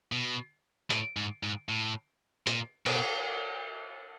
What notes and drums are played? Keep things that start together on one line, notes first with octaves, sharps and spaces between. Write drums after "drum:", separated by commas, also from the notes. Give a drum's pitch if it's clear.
B2
A2, drum: hi-hat
G#2
G#2
A2
A#2, drum: hi-hat
B2, drum: cymbal